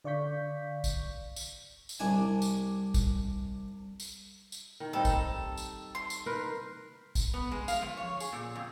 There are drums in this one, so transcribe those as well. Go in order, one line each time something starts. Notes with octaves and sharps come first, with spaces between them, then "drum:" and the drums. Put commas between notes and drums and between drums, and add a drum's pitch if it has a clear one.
D3 D5 F5 C#6 G6 B6
drum: kick, tambourine
drum: tambourine
drum: tambourine
C2 D4 G#5
drum: tambourine
drum: kick, tambourine
drum: tambourine
drum: tambourine
D#3
G3 C4 D#4 A4
drum: kick, tambourine
drum: tambourine
C6
drum: tambourine
D#4 A#4 B4
drum: kick, tambourine
B3
G#3
F5, drum: tambourine
F3
C#5
G#4, drum: tambourine
A#2
F2